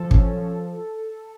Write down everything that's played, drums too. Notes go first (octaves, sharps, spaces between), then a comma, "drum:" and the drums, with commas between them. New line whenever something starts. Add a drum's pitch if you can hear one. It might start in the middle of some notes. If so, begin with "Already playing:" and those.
Already playing: F3 A4
C#4, drum: kick
F3